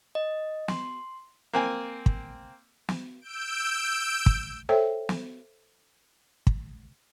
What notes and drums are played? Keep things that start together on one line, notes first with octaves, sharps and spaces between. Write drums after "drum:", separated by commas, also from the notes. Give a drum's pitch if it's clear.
D#5
C6, drum: snare
A#3 C4 G#5
drum: kick
drum: snare
E6 G6 D7
drum: kick
A4 C5 C#5 E5 G5
drum: snare
drum: kick